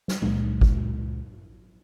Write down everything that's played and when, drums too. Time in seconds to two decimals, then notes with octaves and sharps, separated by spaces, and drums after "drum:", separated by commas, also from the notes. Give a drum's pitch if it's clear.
0.08 drum: snare
0.22 C#2 A#2 G#3, drum: tom
0.61 drum: kick G#1